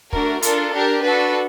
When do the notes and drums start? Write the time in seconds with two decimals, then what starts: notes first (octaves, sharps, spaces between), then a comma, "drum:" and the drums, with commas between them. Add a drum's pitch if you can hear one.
0.13 A3 D4 F#4 A#4, drum: kick
0.42 D4 F4 A4 A#4, drum: hi-hat
0.73 D4 G4 A#4
1.03 D4 F#4 A4 B4